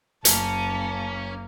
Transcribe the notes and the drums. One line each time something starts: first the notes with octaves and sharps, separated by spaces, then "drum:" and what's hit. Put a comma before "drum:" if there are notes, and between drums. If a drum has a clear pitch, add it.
F#1 A#3 C#4 A5, drum: hi-hat